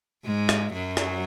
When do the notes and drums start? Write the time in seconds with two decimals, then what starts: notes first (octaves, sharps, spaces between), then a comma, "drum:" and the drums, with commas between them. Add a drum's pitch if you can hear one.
0.25 G#2 G#3
0.49 drum: rim click
0.73 F#2 F#3
0.97 drum: rim click